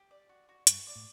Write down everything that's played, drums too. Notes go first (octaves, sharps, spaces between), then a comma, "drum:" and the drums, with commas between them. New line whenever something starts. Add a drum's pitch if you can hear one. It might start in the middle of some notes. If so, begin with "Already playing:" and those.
Already playing: G4
D5
F#4
F#4
G2 F#4, drum: hi-hat
D5
A2